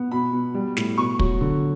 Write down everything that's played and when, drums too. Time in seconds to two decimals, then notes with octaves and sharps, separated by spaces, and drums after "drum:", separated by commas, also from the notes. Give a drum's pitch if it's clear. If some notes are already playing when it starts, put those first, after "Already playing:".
Already playing: B3
0.11 B2 B5
0.33 B2
0.54 G3
0.77 A2, drum: snare
0.97 B2 C#6
1.19 F#3, drum: kick
1.41 D3